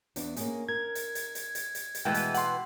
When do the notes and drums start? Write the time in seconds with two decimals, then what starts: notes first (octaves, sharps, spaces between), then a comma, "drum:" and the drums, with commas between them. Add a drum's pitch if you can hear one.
0.16 E2 B3 D4, drum: hi-hat
0.36 A#3 C#4 G#4, drum: hi-hat
0.69 A#4 G#6
0.95 drum: hi-hat
1.15 drum: hi-hat
1.35 drum: hi-hat
1.55 drum: hi-hat
1.75 drum: hi-hat
1.95 drum: hi-hat
2.05 B2 E3 G#3 A3 B3 G5
2.14 drum: hi-hat
2.34 F#5 C6, drum: hi-hat